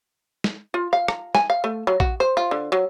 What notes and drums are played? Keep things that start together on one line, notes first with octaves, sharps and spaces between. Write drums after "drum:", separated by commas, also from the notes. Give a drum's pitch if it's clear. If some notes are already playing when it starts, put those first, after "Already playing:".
drum: snare
F4
F5
A#5, drum: rim click
G#5, drum: snare
F5
A3
F#3
F#4, drum: kick A#1
C5
F4
D3
F#3